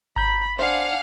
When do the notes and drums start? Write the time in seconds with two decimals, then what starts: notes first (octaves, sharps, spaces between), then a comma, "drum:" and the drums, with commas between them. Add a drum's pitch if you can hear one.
0.16 A#5 B5 G6, drum: kick G#1
0.59 D4 C5 F5 F#5 G#5 F6